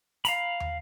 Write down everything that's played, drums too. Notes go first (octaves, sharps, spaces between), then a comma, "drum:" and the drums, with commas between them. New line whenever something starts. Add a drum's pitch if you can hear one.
F5 A#5 B5, drum: hi-hat
drum: tom